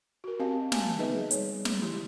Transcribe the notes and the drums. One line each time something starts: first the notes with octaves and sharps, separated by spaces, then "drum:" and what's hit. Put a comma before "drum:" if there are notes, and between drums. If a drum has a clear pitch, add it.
F#4 A#4
C4 G4 D#5 F5 A5
G#5 A5, drum: snare
B3 D#4 G#4 B4 D#5 E5
G3 C#5, drum: hi-hat
drum: snare
E4 G4